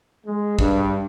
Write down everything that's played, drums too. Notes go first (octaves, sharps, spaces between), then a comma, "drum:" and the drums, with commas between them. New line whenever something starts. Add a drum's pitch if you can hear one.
G#3
G2, drum: kick